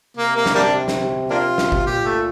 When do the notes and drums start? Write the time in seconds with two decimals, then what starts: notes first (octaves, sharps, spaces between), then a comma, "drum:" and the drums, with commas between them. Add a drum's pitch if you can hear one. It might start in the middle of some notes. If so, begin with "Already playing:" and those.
0.17 C3 A#3
0.37 A#3
0.46 drum: snare
0.55 G3 A#3 D4
0.88 drum: snare
1.30 A#3 D4 F4
1.58 drum: snare
1.72 drum: kick G1
1.86 A#2 G4
2.05 A3